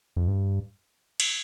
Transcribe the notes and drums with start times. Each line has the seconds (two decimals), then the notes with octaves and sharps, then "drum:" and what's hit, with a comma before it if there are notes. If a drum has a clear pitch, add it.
0.16 F2
0.28 G2
1.20 drum: cymbal